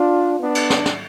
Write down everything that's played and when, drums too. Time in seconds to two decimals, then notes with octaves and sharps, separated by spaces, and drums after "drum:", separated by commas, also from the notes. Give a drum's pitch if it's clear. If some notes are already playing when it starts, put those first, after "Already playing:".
Already playing: D4 F4
0.39 B3 D4
0.55 drum: cymbal
0.70 drum: snare
0.86 drum: snare